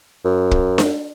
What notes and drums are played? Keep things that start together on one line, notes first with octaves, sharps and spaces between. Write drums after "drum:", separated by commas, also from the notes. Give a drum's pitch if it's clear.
F#2
drum: kick
drum: snare D4